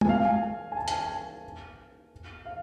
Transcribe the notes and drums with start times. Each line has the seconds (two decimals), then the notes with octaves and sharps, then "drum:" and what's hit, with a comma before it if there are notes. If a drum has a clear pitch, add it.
0.01 G#5, drum: tom G#3
0.09 F5
0.25 G#5
0.72 G#5
0.77 A5
0.88 G#5, drum: hi-hat
0.99 G#5
2.45 F5